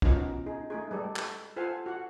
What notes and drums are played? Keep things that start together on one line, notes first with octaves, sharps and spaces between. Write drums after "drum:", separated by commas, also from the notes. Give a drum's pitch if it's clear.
B3 C#4 D#4 F4 F#4 A#4, drum: kick
D#4 G#4
A3 D#4 G#4
G3 G#3 A4 D5
drum: clap
F4 A4 C5 F5 F#5 G#5
F#4 F#5